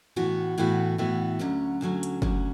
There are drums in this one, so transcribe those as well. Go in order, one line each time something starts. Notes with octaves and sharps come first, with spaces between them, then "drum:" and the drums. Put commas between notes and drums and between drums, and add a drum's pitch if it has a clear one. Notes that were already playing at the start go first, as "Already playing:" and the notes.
A2 E3 B3 F#4
A2 E3 B3 F#4
A2 E3 B3 F#4
D2 D3 F#3 C#4
D2 D3 F#3 C#4
drum: hi-hat
D2 D3 F#3 C#4, drum: kick